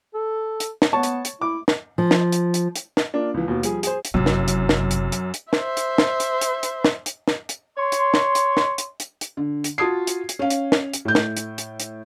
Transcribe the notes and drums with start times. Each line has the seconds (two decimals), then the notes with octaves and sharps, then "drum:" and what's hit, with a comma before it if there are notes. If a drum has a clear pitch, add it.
0.14 A4
0.60 drum: hi-hat
0.82 drum: snare
0.93 B3 C#5 A5 C#6
1.03 drum: hi-hat
1.25 drum: hi-hat
1.42 E4 D6
1.68 drum: snare
1.98 F3
2.11 drum: snare
2.32 drum: hi-hat
2.54 drum: hi-hat
2.76 drum: hi-hat
2.97 drum: snare
3.14 A#3 D4 F4
3.34 C#2 E3
3.48 D#2 B2
3.63 F3 G3 G#4, drum: hi-hat
3.83 G#4 C5, drum: hi-hat
4.05 drum: hi-hat
4.14 F#1 F#2 C3
4.26 drum: snare
4.48 drum: hi-hat
4.69 drum: snare
4.91 drum: hi-hat
5.12 drum: hi-hat
5.34 drum: hi-hat
5.53 C5 E5, drum: snare
5.77 drum: hi-hat
5.98 drum: snare
6.20 drum: hi-hat
6.41 drum: hi-hat
6.63 drum: hi-hat
6.85 drum: snare
7.06 drum: hi-hat
7.28 drum: snare
7.49 drum: hi-hat
7.77 C#5 C6
7.92 drum: hi-hat
8.14 drum: snare
8.35 drum: hi-hat
8.57 drum: snare
8.78 drum: hi-hat
9.00 drum: hi-hat
9.21 drum: hi-hat
9.37 D3
9.64 drum: hi-hat
9.78 F4 F#4 A5 D#6 G#6 C7
10.07 drum: hi-hat
10.29 drum: hi-hat
10.39 C#4 F5
10.50 drum: hi-hat
10.72 drum: snare
10.93 drum: hi-hat
11.05 A2 G6
11.15 drum: snare
11.37 drum: hi-hat
11.58 drum: hi-hat
11.80 drum: hi-hat